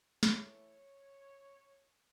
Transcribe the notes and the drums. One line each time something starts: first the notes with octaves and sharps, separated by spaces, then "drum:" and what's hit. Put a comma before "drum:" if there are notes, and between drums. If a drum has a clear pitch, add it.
E3 A3 E4 C#5, drum: snare